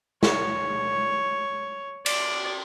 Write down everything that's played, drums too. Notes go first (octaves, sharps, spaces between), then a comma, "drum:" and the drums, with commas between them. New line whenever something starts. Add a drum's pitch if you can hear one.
C#5, drum: snare
D5, drum: cymbal